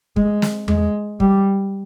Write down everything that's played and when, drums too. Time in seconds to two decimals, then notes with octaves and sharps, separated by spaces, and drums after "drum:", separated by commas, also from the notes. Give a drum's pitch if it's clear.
0.16 G#3, drum: kick
0.42 drum: snare
0.68 G#3, drum: tom E2
1.20 G3, drum: kick